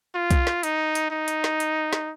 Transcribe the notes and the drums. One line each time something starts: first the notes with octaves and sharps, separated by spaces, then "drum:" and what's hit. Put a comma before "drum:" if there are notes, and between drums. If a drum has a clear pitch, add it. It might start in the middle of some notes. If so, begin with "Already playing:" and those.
F4
drum: kick B1, hi-hat
drum: snare
D#4, drum: hi-hat
drum: hi-hat
D#4
drum: hi-hat
drum: snare
drum: hi-hat
drum: snare